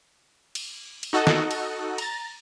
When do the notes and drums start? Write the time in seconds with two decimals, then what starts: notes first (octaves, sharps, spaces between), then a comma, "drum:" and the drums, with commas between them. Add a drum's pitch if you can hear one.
0.55 drum: cymbal
1.03 drum: cymbal
1.13 D#4 F#4 A4 D#5 F#5
1.27 drum: snare
1.51 drum: cymbal
1.98 A#5 A6, drum: cymbal